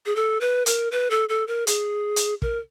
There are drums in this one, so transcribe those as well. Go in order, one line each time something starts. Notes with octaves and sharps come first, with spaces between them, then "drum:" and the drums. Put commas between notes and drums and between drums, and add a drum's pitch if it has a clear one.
G#4
A4
B4
A#4, drum: hi-hat
B4
A4
A4
A#4
G#4, drum: hi-hat
drum: hi-hat
A#4, drum: kick